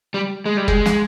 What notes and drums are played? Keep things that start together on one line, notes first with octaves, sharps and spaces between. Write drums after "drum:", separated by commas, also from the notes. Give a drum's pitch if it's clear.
G3
G#3
G3
G#3, drum: kick
drum: snare